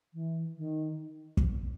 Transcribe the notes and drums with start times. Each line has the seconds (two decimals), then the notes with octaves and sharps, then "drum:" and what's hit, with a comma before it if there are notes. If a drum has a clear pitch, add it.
0.13 E3
0.57 D#3
1.37 drum: kick